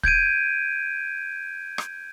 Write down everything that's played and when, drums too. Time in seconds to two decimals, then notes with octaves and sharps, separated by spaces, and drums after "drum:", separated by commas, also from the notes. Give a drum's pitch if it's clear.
0.03 G6 G#6 D7 D#7, drum: kick
1.78 drum: rim click